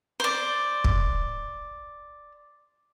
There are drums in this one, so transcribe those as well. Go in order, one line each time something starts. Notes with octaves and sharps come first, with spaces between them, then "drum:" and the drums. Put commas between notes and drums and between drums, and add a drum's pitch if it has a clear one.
C5 D5
drum: kick